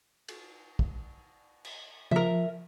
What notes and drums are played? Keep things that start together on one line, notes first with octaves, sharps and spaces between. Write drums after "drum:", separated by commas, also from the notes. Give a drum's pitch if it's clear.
drum: cymbal
drum: kick
drum: cymbal
F3 A#4 E5, drum: tom